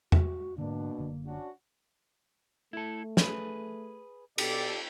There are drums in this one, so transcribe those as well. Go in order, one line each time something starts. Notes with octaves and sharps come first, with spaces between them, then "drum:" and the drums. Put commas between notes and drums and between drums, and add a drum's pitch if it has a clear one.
F#4, drum: tom E2
G#2 B2 D3 A#3 D4
F#1 D3
C#4 D4 F#4
A3 E4 A4
G#4 B4, drum: snare
B2 G4 A4 D5, drum: cymbal